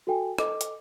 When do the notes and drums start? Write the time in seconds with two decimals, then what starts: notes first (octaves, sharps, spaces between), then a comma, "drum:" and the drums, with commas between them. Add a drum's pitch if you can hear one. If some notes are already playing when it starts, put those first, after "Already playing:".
0.07 F#4 A4 G5 G#5
0.38 A4 D#5 D6, drum: rim click
0.61 drum: hi-hat